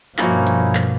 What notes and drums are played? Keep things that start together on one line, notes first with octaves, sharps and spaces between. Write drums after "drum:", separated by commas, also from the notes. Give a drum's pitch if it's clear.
G2 B2 F3 A#3 C#4 D#4 E4 F#4, drum: clap
drum: hi-hat
drum: clap